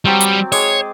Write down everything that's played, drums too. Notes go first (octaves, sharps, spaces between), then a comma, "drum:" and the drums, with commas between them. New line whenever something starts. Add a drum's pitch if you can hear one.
F#3 G3 C4 D5
drum: hi-hat
G#3 G#4 C#5 D6, drum: open hi-hat